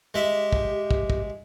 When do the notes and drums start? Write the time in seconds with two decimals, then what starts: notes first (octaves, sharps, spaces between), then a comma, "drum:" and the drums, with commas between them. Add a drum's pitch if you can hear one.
0.14 G#3 G4 E5
0.52 drum: kick
0.91 drum: kick
1.10 drum: kick